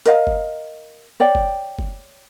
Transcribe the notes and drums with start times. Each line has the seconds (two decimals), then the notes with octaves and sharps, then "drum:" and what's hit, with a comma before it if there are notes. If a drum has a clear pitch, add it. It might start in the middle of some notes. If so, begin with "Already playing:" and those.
0.06 A#4 D#5 F5, drum: hi-hat
0.27 drum: kick F#1
1.20 C#5 D5 G5
1.35 drum: kick F#1
1.79 drum: kick F#1